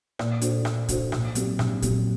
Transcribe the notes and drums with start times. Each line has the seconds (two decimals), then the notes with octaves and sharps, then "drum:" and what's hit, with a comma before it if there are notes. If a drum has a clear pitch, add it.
0.19 A#2, drum: rim click
0.42 A3 D4 F#4 C5, drum: hi-hat
0.65 A#2, drum: rim click
0.89 A3 D4 F#4 C5, drum: kick, hi-hat
1.12 A#1, drum: rim click
1.35 A#2 F#3 C4 G4, drum: hi-hat
1.59 A#1, drum: rim click
1.82 A#2 F#3 C4 G4, drum: kick, hi-hat